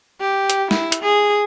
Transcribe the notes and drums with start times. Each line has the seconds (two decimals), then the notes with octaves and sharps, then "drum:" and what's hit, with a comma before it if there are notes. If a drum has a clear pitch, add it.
0.20 G4
0.50 drum: hi-hat
0.71 E4, drum: snare
0.92 drum: hi-hat
1.03 G#4